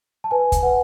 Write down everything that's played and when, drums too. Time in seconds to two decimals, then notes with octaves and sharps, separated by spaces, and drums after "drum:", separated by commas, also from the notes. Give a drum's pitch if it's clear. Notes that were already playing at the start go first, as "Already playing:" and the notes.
0.24 A5
0.31 B4 G#5
0.52 drum: kick, hi-hat
0.63 B4 F#5